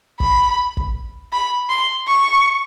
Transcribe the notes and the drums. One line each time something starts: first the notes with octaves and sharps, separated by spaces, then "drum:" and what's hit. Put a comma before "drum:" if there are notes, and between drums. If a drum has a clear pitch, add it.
B5, drum: kick
drum: kick
B5
C6
C#6